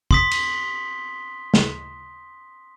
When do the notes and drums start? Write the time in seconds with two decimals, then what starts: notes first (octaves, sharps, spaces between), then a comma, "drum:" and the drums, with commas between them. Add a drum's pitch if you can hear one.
0.11 C6 D#6 B6, drum: kick
0.31 drum: cymbal
1.54 drum: snare